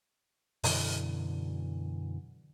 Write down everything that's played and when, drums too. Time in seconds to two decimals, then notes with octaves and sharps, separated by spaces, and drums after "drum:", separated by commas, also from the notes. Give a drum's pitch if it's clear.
0.64 F#2 B2 D3 E3, drum: open hi-hat